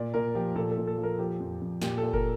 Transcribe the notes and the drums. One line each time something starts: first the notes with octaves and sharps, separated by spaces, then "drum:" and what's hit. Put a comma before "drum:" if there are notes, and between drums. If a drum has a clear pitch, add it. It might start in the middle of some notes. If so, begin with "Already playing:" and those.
Already playing: A#2 D5
A#2 A#4
F3 G4
A#2 A4
A4
A#2
A4
F3
A#4
F3 G4
F2
F2
A#2 G4, drum: snare
A4
A#2
A#4, drum: kick